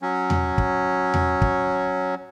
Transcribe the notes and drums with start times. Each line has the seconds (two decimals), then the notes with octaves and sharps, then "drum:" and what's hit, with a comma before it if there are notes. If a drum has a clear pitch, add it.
0.02 F#3 C#4
0.30 drum: tom E2
0.58 drum: kick
1.14 drum: tom E2
1.42 drum: kick